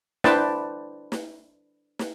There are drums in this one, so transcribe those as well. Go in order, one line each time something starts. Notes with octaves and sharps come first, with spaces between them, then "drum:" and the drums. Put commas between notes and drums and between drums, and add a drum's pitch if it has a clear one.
D4 E4 B4 C5 G5 A5, drum: snare
drum: snare
drum: snare